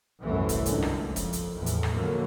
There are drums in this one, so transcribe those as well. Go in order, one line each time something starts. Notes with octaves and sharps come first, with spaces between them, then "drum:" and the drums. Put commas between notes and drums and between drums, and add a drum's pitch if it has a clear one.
C2 F#2 E3 A3
drum: kick, hi-hat
G#1 C#2 F#2 D3 A#3, drum: hi-hat
drum: rim click
F2
drum: kick, hi-hat
drum: hi-hat
E2 A2
drum: hi-hat
drum: rim click
F2 D3 F#3 A3 A#3